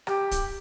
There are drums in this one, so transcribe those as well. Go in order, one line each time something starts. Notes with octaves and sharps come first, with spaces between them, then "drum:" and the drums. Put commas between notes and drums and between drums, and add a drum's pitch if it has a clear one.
G4, drum: rim click
drum: kick, hi-hat